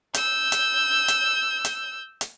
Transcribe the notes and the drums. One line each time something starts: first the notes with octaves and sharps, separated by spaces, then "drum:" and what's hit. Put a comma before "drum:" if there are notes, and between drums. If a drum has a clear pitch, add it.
E6 G6, drum: hi-hat
drum: hi-hat
drum: hi-hat
drum: hi-hat
drum: hi-hat